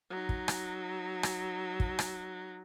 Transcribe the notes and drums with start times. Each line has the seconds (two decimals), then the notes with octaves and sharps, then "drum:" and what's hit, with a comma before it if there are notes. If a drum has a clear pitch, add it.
0.10 F#3 D#4
0.29 drum: kick
0.48 drum: rim click
1.23 drum: rim click
1.80 drum: kick
1.99 drum: rim click